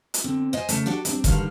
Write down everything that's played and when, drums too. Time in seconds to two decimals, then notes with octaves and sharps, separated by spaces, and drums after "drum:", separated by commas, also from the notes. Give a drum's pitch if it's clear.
0.14 drum: hi-hat
0.24 D3 C4
0.53 C5 D#5 G#5
0.69 C#3 A3, drum: hi-hat
0.86 D4 F#4 G4 A4 D5
1.05 G3 C4 D4, drum: hi-hat
1.24 G2 D3 D#3 G3 F5, drum: kick F1, hi-hat